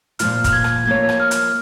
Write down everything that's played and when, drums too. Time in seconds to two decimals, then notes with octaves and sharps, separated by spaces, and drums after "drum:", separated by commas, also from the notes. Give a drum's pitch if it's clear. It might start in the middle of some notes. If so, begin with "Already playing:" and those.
0.19 A#2 F3 A#3 F4 F6, drum: hi-hat
0.44 F6, drum: kick, hi-hat
0.52 G#6
0.64 drum: rim click
0.86 F3 A#3 F4 C#5 G#6
1.09 drum: rim click
1.20 F6
1.31 drum: hi-hat